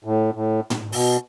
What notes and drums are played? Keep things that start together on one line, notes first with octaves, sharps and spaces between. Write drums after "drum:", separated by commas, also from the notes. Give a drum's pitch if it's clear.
A2
A2
drum: tom
B2, drum: open hi-hat